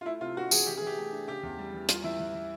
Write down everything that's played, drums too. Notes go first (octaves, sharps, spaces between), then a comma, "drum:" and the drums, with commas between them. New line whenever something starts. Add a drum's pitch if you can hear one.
F4
A3 E4
C3 F4
D4 F#4
E3 G#4, drum: tambourine
E3 G4
G#4
E3 G4
A3
D4
C#3 G4
E2
G3
E3
G3 F4, drum: hi-hat
E3 E4
E3
E3